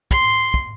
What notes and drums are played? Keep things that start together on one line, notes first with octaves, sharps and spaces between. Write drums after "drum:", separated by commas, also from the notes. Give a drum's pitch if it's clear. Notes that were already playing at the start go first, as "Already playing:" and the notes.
C6, drum: kick
drum: kick